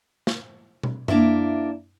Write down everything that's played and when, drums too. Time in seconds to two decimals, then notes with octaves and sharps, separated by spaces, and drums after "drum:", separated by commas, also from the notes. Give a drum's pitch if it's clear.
0.27 drum: snare
0.83 drum: tom B2
1.08 A#3 D4 E4 E5, drum: tom F#2